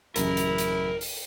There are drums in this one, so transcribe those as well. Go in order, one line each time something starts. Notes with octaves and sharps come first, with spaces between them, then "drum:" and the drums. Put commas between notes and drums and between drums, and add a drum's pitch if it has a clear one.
A1 F#2 C#3 E4 A#4, drum: hi-hat
drum: hi-hat
drum: hi-hat
drum: open hi-hat